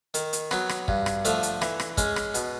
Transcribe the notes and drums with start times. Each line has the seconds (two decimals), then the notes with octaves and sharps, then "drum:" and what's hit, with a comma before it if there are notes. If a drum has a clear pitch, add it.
0.14 D#3, drum: hi-hat
0.33 drum: hi-hat
0.51 F#3 B3, drum: rim click
0.69 drum: rim click
0.88 G2, drum: kick
1.06 drum: rim click
1.25 D3 F3 A3, drum: hi-hat
1.43 drum: hi-hat
1.62 E3, drum: rim click
1.80 drum: rim click
1.97 G#3 C#4, drum: kick, hi-hat
2.16 drum: rim click
2.34 B2, drum: hi-hat